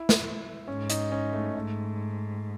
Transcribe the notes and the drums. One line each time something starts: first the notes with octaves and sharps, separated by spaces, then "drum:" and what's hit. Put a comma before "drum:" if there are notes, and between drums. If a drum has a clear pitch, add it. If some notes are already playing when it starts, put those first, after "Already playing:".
Already playing: E4
drum: snare
G#2 C#4
D#4, drum: hi-hat
C#4
A3
G#2 A3